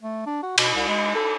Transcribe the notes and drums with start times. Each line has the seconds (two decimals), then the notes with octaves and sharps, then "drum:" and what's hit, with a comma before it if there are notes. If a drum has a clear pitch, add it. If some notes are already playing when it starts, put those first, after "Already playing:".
0.02 A3
0.26 D4
0.43 F#4
0.58 B2, drum: cymbal
0.74 C2
0.88 G#3
1.15 A4